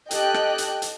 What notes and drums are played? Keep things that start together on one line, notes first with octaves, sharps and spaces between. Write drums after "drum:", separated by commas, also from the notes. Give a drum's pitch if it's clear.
G4 A4 D#5 G5 F#6, drum: hi-hat
drum: rim click
drum: hi-hat
drum: hi-hat